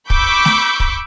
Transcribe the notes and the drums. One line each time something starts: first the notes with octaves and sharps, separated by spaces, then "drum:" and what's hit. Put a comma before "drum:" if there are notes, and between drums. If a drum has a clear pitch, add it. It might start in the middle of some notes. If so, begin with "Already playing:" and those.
B5 C#6 D6 E6 G6 B6, drum: kick
drum: snare A3
drum: kick